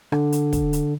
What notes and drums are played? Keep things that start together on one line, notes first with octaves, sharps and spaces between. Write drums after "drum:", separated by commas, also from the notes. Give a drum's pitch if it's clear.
D3, drum: rim click
drum: hi-hat
drum: kick, hi-hat
drum: hi-hat